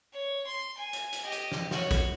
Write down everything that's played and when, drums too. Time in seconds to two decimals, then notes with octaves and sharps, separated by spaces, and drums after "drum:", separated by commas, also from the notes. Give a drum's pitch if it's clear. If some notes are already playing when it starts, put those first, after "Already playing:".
0.13 C#5
0.46 C6
0.77 G#5
0.93 drum: hi-hat
1.12 drum: hi-hat
1.22 G4 D#5
1.32 drum: hi-hat
1.52 drum: snare
1.71 F#4 C#5, drum: snare
1.91 drum: kick A#1, hi-hat